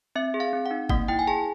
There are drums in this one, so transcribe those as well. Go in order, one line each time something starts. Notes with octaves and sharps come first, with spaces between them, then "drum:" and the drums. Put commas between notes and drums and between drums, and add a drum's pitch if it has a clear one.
C4 E5
G#4
F5
C4
F#5
D#4
A#3 F#5, drum: kick F#1
E4 G5
G#5
G#4 A5